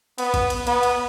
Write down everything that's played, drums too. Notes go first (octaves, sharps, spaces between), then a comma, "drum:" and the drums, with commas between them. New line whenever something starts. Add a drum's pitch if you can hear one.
B3, drum: cymbal
drum: kick A1, cymbal
drum: cymbal
B3, drum: cymbal
drum: cymbal